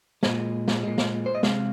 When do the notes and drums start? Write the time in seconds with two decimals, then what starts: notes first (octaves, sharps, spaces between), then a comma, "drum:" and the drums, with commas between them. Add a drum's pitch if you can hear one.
0.23 A#2 G#3, drum: snare
0.68 drum: snare
0.83 A#2 G#3
0.98 drum: snare
1.26 C5
1.35 D#5
1.43 C3 G#3 F5, drum: snare